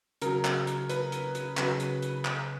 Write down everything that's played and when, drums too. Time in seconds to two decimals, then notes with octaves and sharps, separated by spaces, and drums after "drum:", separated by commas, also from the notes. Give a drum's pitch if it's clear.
0.22 C#3 F#3 A#4, drum: hi-hat
0.45 drum: clap
0.67 drum: hi-hat
0.90 B4, drum: hi-hat
1.12 drum: hi-hat
1.35 drum: hi-hat
1.57 C#3 F#3 B4, drum: clap
1.80 drum: hi-hat
2.02 drum: hi-hat
2.25 drum: clap